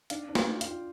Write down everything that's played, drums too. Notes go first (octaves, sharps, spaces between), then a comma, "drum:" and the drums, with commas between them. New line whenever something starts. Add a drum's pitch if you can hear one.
D4 F5, drum: hi-hat
D4
G5, drum: snare
D4
F5, drum: hi-hat
F4